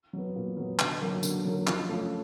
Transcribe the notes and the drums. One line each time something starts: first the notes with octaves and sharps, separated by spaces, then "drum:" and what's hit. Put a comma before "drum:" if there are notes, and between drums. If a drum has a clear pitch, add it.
F#3 B3
A#2
F#3 B3
D3, drum: clap
F#3 A#3
D3, drum: tambourine
F#3 A#3
F3, drum: clap
A3 C#4 F4